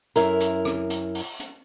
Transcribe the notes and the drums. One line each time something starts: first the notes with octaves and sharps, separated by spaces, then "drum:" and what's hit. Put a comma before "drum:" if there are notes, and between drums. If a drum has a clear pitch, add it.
F#2 E4 A#4, drum: hi-hat
drum: hi-hat
drum: rim click
drum: hi-hat
drum: open hi-hat
drum: hi-hat